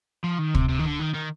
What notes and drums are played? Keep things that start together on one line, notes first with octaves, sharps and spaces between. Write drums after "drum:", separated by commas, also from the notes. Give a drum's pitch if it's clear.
F3
D#3
C3, drum: kick
C3
D#3
D3
D#3
D#3